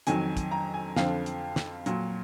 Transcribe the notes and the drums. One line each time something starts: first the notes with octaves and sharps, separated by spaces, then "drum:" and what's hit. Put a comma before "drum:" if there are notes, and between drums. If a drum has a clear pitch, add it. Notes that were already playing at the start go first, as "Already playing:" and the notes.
F2 D#3 F#3 G#5, drum: hi-hat
drum: kick, hi-hat
A#5
G#5
F2 D3 F3 F5, drum: snare
drum: hi-hat
drum: snare
A#2 F#3, drum: hi-hat